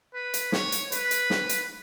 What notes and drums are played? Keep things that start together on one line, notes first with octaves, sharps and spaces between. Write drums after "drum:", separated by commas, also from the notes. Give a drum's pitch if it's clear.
B4
drum: hi-hat
C#5, drum: snare
drum: hi-hat
B4, drum: hi-hat
drum: hi-hat
drum: snare
drum: hi-hat